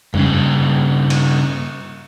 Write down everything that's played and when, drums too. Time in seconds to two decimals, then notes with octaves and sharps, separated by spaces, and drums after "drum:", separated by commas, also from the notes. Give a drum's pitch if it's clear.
0.14 G2 C#3, drum: tom F2
1.10 drum: cymbal